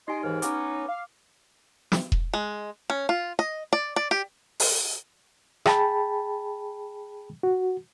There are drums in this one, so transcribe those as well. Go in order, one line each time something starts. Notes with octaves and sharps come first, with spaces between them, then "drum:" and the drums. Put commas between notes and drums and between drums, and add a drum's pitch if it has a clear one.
D#4 G4 D#5 G#5 C6
D#2 G#2 E3 F6
B3 C#4 D#4 D6, drum: hi-hat
F5
drum: snare
drum: kick E1
G#3
C#4
F4
D#5
D5
D5
G4
drum: open hi-hat
G#4 G5 A5 B5, drum: rim click
F#4